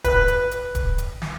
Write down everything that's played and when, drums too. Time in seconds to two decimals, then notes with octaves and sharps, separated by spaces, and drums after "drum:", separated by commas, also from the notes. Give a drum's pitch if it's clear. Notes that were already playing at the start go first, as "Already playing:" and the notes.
0.04 B4 F#6, drum: kick, hi-hat
0.28 drum: hi-hat
0.51 drum: hi-hat
0.75 drum: kick, hi-hat
0.98 drum: hi-hat
1.22 drum: snare